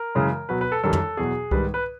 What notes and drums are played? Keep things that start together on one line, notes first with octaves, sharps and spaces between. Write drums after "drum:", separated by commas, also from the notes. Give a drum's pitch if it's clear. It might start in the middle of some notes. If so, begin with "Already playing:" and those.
Already playing: A#4
F#2 C#3 E3 G#3
B2 F#3 B4
B4
A4
F#2 D#3 G3 A4
drum: tom
E2 B2 F#3 G#4
G#2 D#3 G3 B4, drum: kick C2
B4